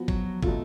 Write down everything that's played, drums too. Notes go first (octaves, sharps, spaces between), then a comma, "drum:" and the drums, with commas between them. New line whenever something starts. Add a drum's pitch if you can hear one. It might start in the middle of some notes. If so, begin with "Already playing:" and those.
Already playing: F3 B3 F#4
F#3, drum: kick
B2 F#3 A3 B3 F4, drum: kick